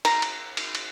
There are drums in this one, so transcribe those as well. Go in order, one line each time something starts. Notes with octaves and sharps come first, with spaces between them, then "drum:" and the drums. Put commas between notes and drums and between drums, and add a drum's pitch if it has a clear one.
A#5, drum: cymbal
drum: cymbal
drum: cymbal
drum: cymbal